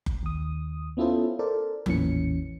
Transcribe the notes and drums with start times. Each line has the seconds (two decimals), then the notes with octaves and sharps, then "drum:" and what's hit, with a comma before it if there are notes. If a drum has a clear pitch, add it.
0.06 drum: kick F#1
0.23 D#2 D#6
0.97 B3 C#4 E4 F4 A4 C5
1.39 A4 A#4 C5 D5
1.86 A1 E2 A#2 E3 C#4 C#7, drum: tom E3